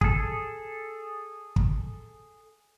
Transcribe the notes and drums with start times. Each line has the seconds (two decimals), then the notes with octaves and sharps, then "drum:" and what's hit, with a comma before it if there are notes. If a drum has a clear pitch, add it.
0.01 G#4 A4, drum: kick
1.56 drum: kick